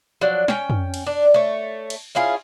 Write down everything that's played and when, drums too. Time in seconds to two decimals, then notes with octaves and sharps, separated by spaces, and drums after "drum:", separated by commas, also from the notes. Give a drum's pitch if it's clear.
0.21 F3 F#3 D4
0.48 C#4 G5, drum: snare
0.70 drum: tom
0.94 drum: cymbal
1.06 D4
1.34 A3 C#5
1.90 drum: cymbal
2.15 C#4 E4 F4 G#4